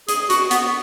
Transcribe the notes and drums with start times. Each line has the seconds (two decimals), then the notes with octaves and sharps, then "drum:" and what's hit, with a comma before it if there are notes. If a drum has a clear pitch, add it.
0.08 G#4, drum: hi-hat
0.30 F#4, drum: hi-hat
0.51 B3, drum: hi-hat